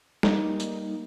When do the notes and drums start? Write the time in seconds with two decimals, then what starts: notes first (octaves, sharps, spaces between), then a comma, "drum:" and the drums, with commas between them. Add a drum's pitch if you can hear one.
0.23 G3 A#3 D#4, drum: snare G#3
0.60 drum: tambourine